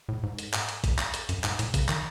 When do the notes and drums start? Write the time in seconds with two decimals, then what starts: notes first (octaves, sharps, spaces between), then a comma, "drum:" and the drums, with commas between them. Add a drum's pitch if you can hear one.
0.09 A2
0.23 G#2
0.39 drum: hi-hat
0.54 drum: clap
0.69 drum: hi-hat
0.84 drum: kick, hi-hat
0.99 drum: clap
1.14 drum: hi-hat
1.29 F#2, drum: hi-hat
1.44 G#2, drum: clap
1.59 A2, drum: hi-hat
1.74 C#3, drum: kick, hi-hat
1.89 D#3, drum: clap